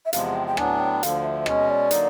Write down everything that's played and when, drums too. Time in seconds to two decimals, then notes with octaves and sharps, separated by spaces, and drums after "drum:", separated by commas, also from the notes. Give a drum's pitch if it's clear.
0.05 E5
0.13 E2 C3 F3 G#3 F5, drum: hi-hat
0.24 F#5
0.35 G5
0.47 G5
0.57 A2 F#3 B3 D4 G#5, drum: rim click
0.80 G5
1.03 D2 D3 F3 F5, drum: hi-hat
1.24 E5
1.46 B2 G#3 C#4 D#5, drum: rim click
1.69 D5
1.91 D3 F#3 A#3 D#4, drum: hi-hat